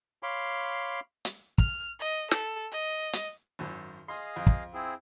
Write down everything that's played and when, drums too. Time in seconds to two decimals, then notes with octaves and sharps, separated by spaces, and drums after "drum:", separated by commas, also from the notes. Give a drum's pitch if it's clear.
0.23 C#5 F5 B5 C6 D6
1.25 drum: hi-hat
1.58 F6, drum: kick
1.99 D#5
2.31 A4, drum: snare
2.72 D#5
3.13 drum: hi-hat
3.59 G#1 F#2
4.08 G#4 D#5 F5 C6 D#6
4.36 F2
4.47 drum: kick
4.74 C4 E4 G#4